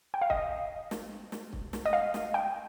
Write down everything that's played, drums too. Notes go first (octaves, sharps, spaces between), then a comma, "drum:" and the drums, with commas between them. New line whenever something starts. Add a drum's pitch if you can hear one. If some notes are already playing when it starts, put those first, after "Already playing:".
G5
F5
D#5, drum: kick
drum: snare
drum: snare
drum: kick
drum: snare
D#5
F5
drum: snare
G5